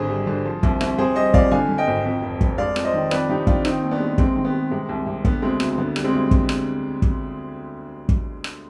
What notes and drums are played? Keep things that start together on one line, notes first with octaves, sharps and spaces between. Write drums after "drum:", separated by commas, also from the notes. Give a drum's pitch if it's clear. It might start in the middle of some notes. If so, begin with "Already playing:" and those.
Already playing: G#1 D3 G#4 C5
G3
D3
F3
C2, drum: kick
C2, drum: rim click
C3 G#4 C5
G3 C5 D#5
F2 D5 F5, drum: kick
D3 F5 G#5
D3
D#5 G5
G#1
F2
F1
F1, drum: kick
G#3 D5 F5
F2, drum: rim click
C5 D#5
D#3
F2 B4 D5, drum: rim click
C3 D#4 G4
F2 D4 F4, drum: kick
D#3 C4 D#4, drum: rim click
D#2
B3 D4
G#3
C3 G#3 C4, drum: kick
D#3
B3
G#3
C3 G#3
C2
C3
D3 B3, drum: kick
D2 G#3 C4
D2, drum: rim click
D3 B3
G3, drum: rim click
G#3 C4
D2
drum: kick
drum: rim click
drum: kick
drum: kick
drum: rim click